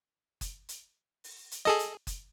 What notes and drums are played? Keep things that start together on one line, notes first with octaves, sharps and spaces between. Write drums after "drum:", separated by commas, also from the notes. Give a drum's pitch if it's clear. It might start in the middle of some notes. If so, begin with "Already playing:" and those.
drum: kick F#1, hi-hat
drum: hi-hat
drum: open hi-hat
drum: hi-hat
G#4 A4 D#5, drum: snare
drum: hi-hat
drum: kick F#1, hi-hat